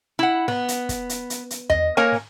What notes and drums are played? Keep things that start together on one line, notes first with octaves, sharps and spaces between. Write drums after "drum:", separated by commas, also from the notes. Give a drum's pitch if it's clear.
E4 F#5
B3, drum: snare
drum: hi-hat
drum: kick, hi-hat
drum: hi-hat
drum: hi-hat
drum: hi-hat
D#5, drum: tom E2
A#3 A#4 C#5 G#5
drum: snare